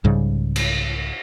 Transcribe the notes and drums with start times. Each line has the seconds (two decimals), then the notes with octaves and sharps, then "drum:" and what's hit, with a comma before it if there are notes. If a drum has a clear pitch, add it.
0.04 C2 G#2 C#3 G3
0.56 drum: cymbal